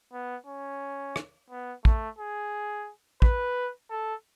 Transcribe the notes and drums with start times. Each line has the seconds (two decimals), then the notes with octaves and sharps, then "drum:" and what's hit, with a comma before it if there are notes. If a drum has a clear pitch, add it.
0.12 B3
0.46 C#4
1.16 drum: rim click
1.50 B3
1.85 A3, drum: kick
2.19 G#4
3.22 B4, drum: kick
3.91 A4